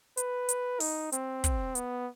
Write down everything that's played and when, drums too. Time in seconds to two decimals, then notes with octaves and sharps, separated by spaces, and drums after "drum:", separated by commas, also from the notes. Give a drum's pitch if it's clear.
0.17 B4, drum: hi-hat
0.49 drum: hi-hat
0.80 D#4, drum: open hi-hat
1.12 C4, drum: hi-hat
1.44 drum: kick, hi-hat
1.75 B3, drum: hi-hat